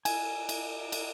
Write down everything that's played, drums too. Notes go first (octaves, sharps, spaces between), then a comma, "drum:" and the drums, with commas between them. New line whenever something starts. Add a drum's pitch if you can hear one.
G#5, drum: cymbal
drum: cymbal
drum: cymbal